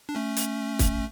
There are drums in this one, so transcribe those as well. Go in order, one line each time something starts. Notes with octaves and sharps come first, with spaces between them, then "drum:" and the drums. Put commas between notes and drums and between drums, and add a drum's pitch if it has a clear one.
D4
A3 C#4
drum: hi-hat
drum: kick, hi-hat